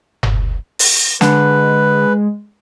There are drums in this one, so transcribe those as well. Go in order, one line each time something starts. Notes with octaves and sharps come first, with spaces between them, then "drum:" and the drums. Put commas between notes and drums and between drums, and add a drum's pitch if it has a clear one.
drum: tom F#1
drum: open hi-hat
D3 G#3 B4, drum: snare